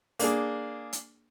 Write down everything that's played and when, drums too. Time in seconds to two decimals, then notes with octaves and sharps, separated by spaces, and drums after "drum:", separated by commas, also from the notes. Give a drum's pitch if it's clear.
0.19 A#3 D4 G#4, drum: open hi-hat
0.93 drum: hi-hat